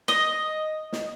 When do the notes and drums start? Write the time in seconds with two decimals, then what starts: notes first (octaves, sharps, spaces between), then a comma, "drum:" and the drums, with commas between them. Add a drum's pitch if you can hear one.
0.08 D#5, drum: snare
0.93 drum: snare